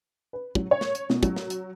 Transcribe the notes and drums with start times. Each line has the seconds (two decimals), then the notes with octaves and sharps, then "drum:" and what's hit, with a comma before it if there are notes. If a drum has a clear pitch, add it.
0.33 B4
0.55 F#3, drum: kick
0.71 C#5
0.81 drum: snare
0.95 drum: hi-hat
1.10 B2, drum: snare
1.23 F#3, drum: kick, hi-hat
1.36 drum: snare
1.50 drum: hi-hat